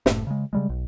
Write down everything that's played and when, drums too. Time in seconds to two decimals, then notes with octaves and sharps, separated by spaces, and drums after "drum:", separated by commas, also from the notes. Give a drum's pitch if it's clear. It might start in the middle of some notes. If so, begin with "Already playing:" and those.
0.06 F#1 A2, drum: snare
0.27 C#3 G#3
0.53 C#3 G3 G#3
0.69 B1